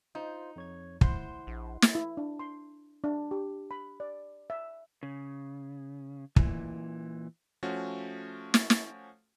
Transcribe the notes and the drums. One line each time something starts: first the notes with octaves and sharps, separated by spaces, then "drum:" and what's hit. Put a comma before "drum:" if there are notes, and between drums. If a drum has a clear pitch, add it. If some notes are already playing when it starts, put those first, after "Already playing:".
D#4 F4 C5
F2 C#5 G#6
E4 C5 F#5 C6, drum: kick
A#1
drum: snare
E4
D4
C6
D4
G4
B5
D5
E5
C#3
A#2 E3, drum: kick
F3 A3 C#4 F#4
drum: snare
drum: snare